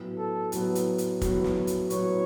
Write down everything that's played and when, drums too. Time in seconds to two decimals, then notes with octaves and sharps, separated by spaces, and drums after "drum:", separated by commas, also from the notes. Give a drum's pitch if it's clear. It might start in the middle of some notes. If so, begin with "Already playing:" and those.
Already playing: A2 F#3 B3
0.18 A4
0.52 A2 F#3 B3, drum: hi-hat
0.75 drum: hi-hat
0.98 drum: hi-hat
1.22 A2 F#3 B3, drum: kick, hi-hat
1.44 drum: snare
1.67 drum: hi-hat
1.90 A2 F#3 B3 C#5, drum: hi-hat